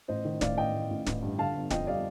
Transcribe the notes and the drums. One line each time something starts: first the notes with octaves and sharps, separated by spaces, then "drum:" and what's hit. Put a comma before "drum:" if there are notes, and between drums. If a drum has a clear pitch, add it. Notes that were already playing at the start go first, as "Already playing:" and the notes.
A1 C5 D#5
D#3
A1 D5 F5, drum: snare
A1 D#5 G5
A1
A1
A1, drum: snare
G2
D3 F5 A5
G1
F2 D#5 G5, drum: snare
G3 D5 F5